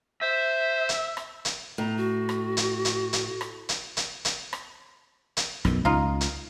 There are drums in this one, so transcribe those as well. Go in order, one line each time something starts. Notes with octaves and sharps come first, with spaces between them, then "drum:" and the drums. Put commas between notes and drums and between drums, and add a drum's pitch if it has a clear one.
C5 E5
drum: hi-hat
drum: rim click
drum: hi-hat
A2 A#5
F#4
drum: rim click
drum: hi-hat
drum: hi-hat
drum: hi-hat
drum: rim click
drum: hi-hat
drum: hi-hat
drum: hi-hat
drum: rim click
drum: hi-hat
B1 F#2 B2, drum: rim click
C#2 D#4 F4
drum: hi-hat